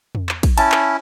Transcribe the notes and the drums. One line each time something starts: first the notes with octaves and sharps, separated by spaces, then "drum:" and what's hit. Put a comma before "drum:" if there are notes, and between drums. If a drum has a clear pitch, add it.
drum: tom
drum: clap
drum: kick, cymbal
C#4 E4 A5, drum: cymbal
drum: clap